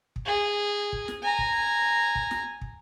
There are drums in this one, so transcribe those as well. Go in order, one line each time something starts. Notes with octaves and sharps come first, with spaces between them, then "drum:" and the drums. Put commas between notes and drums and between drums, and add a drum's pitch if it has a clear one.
drum: kick
G#4
drum: kick
drum: snare
G#5 A#5
drum: kick
drum: kick
drum: snare
drum: kick